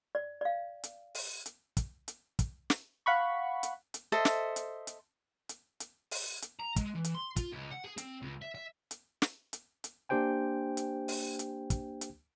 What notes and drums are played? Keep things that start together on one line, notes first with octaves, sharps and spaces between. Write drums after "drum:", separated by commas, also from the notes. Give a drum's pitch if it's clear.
D5
D5 F5
drum: hi-hat
drum: open hi-hat
drum: hi-hat
drum: kick, hi-hat
drum: hi-hat
drum: kick, hi-hat
drum: snare
F5 F#5 B5 C#6
drum: hi-hat
drum: hi-hat
A4 C5 D#5 E5
drum: snare
drum: hi-hat
drum: hi-hat
drum: hi-hat
drum: hi-hat
drum: open hi-hat
drum: hi-hat
A#5
G#3, drum: kick, hi-hat
E3
drum: hi-hat
C6
F4, drum: kick, hi-hat
C#2
F#5
G#4
C4, drum: hi-hat
C#2
E5
E5
drum: hi-hat
drum: snare
drum: hi-hat
drum: hi-hat
A#3 D4 G4 C5 G5 G#5
drum: hi-hat
drum: open hi-hat
drum: hi-hat
drum: kick, hi-hat
drum: hi-hat